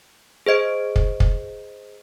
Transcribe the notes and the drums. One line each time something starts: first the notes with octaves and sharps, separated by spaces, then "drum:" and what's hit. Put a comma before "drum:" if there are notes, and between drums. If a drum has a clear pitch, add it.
G#4 C5 D#5 D7
drum: kick
drum: kick